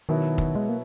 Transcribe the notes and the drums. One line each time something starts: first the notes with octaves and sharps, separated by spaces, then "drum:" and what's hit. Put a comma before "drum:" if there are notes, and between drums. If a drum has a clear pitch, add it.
B2 D#3 F#3 B3 E4
drum: kick
G#3
A#3